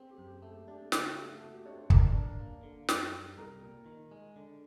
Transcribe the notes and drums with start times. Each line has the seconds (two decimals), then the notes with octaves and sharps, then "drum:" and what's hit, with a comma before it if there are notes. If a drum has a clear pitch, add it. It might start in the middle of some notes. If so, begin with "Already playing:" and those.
Already playing: C4 G#4
0.10 G4
0.18 F#2
0.27 G4
0.42 A3 G#4
0.56 G4
0.68 D4 G4
0.80 G#4
0.92 C#3 G4, drum: snare
1.04 G4
1.16 A3 F#4
1.29 F#4
1.41 A3 F#4
1.54 G4
1.66 D4 C#5
1.78 C5
1.90 D4 A#4, drum: kick
2.14 D4
2.40 A#3
2.63 D3
2.89 F#2, drum: snare
3.13 G3
3.37 C2 A#4
3.61 A#2
3.86 D#3
4.11 G#3
4.36 D3